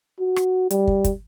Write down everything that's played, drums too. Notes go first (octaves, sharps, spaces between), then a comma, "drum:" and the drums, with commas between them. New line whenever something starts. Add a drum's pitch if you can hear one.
F#4
drum: rim click
G3, drum: hi-hat
drum: kick
drum: kick, hi-hat